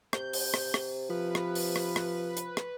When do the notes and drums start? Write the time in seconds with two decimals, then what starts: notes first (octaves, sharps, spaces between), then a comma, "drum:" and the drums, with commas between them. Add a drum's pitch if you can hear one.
0.13 C3 G6, drum: rim click
0.33 drum: open hi-hat
0.54 drum: rim click
0.74 drum: rim click
1.10 F3 B4
1.35 drum: rim click
1.55 drum: open hi-hat
1.76 drum: rim click
1.96 drum: rim click
2.37 drum: hi-hat
2.57 drum: rim click